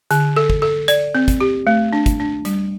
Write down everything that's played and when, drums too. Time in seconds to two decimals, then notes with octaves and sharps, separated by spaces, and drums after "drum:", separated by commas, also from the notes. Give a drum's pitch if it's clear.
0.11 D3, drum: hi-hat
0.36 A4
0.50 drum: kick
0.62 A4
0.88 D5, drum: hi-hat
1.15 C4
1.28 drum: kick, hi-hat
1.41 G4
1.67 A3
1.93 D4
2.06 drum: kick, hi-hat
2.20 D4
2.45 G3, drum: hi-hat